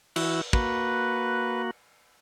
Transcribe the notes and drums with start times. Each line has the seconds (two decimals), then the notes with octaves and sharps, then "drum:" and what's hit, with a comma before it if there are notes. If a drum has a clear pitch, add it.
0.16 E3 E4 F#4, drum: cymbal
0.53 A#3 F#4 B4, drum: kick